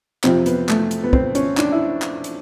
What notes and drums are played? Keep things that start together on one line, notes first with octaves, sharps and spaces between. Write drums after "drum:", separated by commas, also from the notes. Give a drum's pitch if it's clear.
F2 C3 F3 C4, drum: clap
B3, drum: hi-hat
A3, drum: clap
drum: hi-hat
B3
C4, drum: kick
C#4, drum: hi-hat
D4, drum: clap
E4
drum: clap
drum: hi-hat